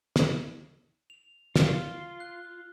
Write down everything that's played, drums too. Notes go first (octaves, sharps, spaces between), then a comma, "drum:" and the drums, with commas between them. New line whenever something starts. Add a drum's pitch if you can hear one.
drum: snare
F7
F4 F6 G7, drum: snare
F#6